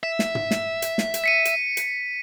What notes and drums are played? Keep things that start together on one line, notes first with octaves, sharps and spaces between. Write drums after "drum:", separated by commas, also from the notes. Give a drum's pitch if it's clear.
E5
drum: snare
drum: tom
drum: snare
drum: hi-hat
drum: snare
drum: hi-hat
B6 C#7 D#7
drum: hi-hat
drum: hi-hat